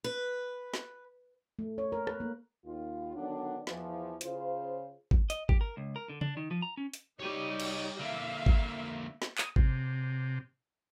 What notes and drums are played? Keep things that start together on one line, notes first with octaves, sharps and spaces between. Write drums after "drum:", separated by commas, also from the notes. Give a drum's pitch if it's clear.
B4
drum: snare
A3
C#5
A#4
B4, drum: rim click
A#3
D#2 F4
D3 D#3 F#3 B3 D4
E2 E3 F3, drum: snare
C#3 F4 C5, drum: hi-hat
drum: kick
D#5, drum: hi-hat
G4, drum: kick
A#4
C#2
A#4
D3
D4, drum: tom C#3
D#3
F3
A#5
C#4
drum: hi-hat
G3 D#4 G4 C#5 D#5
drum: cymbal
D3 A#3 E5 F5
drum: kick
drum: snare
D#6, drum: clap
C3, drum: kick